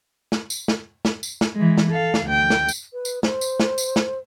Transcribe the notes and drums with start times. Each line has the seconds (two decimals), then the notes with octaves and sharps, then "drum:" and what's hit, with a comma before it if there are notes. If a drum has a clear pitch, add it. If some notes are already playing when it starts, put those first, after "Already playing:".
0.32 drum: snare
0.50 drum: tambourine
0.68 drum: snare
1.05 drum: snare
1.23 drum: tambourine
1.41 drum: snare
1.55 E3 G#3
1.78 drum: snare
1.91 A4 F5
2.14 drum: snare
2.25 D2 G5
2.50 drum: snare
2.69 drum: tambourine
2.93 B4
3.05 drum: tambourine
3.23 C5, drum: snare
3.41 drum: tambourine
3.60 drum: snare
3.78 drum: tambourine
3.96 drum: snare